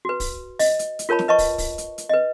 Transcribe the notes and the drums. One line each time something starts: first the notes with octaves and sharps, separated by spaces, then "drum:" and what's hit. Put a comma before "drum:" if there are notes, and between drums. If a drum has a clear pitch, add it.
F#4 B4
drum: kick, open hi-hat
D#5, drum: open hi-hat
drum: hi-hat
drum: hi-hat
F4 A#4 C#5 A5 B5
drum: snare
B4 D#5 A5 C#6
drum: kick, open hi-hat
drum: kick, open hi-hat
drum: hi-hat
drum: hi-hat
B4 D#5